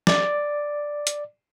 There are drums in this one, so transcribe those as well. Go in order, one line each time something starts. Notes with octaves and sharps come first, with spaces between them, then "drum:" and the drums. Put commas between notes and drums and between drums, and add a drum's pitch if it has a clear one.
D5, drum: snare
drum: hi-hat